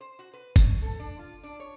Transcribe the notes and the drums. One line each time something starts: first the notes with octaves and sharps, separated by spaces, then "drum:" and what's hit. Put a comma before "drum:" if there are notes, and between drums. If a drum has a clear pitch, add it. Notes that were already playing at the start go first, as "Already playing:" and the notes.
C5
F#4
B4
B2, drum: kick, tambourine
A4
D4
F4
D4
C#5